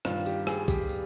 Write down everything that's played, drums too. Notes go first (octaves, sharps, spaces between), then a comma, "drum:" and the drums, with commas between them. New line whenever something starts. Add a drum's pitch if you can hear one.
G2 D#3 F4, drum: rim click
G4, drum: tambourine
G#4, drum: rim click
G4, drum: kick, tambourine
drum: tambourine